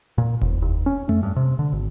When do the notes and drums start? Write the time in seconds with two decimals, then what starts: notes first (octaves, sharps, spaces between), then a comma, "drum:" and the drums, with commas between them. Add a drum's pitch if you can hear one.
0.18 A#2
0.41 E1, drum: kick F1
0.62 D#2
0.86 C#4
1.09 A3, drum: tom F2
1.23 G2
1.36 C3
1.59 D3
1.72 G#1